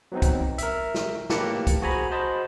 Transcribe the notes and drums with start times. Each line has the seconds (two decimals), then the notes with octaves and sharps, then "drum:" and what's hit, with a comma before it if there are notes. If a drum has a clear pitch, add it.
0.12 F#3 B3 C4 D#4
0.22 drum: kick, hi-hat
0.58 A#4 E5, drum: hi-hat
0.94 drum: snare
1.30 A2 A#3 G4 B4 A5 C#7, drum: snare
1.67 drum: kick, hi-hat
1.82 F#4 G#4 C5 G#5 A#5 B5
2.11 F#4 C5 D#5 A5 B5